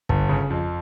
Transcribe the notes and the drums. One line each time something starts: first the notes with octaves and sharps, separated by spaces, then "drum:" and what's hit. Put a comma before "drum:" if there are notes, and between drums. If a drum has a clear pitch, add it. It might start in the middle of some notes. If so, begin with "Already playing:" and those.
G1, drum: kick
C#3
F2